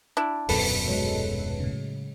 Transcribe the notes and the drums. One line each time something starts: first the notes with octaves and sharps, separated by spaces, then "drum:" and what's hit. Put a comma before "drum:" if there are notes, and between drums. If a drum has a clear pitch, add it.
D4 E4
D#1 F#2 B2 A4 B4 A5, drum: open hi-hat
F#3 G#3
A2 C#3